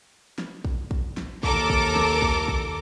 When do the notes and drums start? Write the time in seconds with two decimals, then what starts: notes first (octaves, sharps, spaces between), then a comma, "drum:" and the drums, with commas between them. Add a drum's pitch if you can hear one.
0.38 drum: snare
0.65 drum: kick
0.91 drum: kick
1.17 drum: snare
1.43 D#2 A4 A#4 D6, drum: kick
1.70 drum: kick
1.96 drum: snare
2.22 drum: kick
2.48 drum: kick